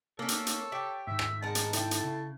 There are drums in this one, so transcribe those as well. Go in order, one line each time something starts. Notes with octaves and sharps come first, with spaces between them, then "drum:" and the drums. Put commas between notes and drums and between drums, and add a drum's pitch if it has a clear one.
A#3 C#4 A4 A#4 C#5
drum: hi-hat
drum: hi-hat
G4 E5 G5
G#2 D#3 E5
drum: rim click
G#3 A#4 F#5 A5
drum: hi-hat
E4 A4 G5, drum: hi-hat
drum: hi-hat
C#3